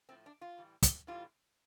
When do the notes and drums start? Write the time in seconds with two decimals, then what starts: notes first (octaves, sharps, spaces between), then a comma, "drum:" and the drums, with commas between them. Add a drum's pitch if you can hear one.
0.09 A2 F3 A3 C4
0.26 D4
0.41 F4
0.58 A2 E3 G3
0.82 drum: kick, hi-hat
1.07 A2 E3 G3 F4